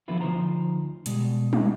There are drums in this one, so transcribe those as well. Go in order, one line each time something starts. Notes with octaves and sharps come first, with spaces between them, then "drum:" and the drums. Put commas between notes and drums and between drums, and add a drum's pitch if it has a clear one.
D3 F3 F#3 B3 E4 F4
D2 F3 D#4 C5 A#5
B2 G3 G#3, drum: hi-hat
drum: tom G3